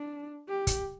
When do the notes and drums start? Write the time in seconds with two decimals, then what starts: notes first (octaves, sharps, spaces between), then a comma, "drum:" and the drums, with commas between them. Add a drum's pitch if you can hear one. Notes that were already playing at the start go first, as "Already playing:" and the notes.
Already playing: D4
0.49 G4
0.67 drum: kick, hi-hat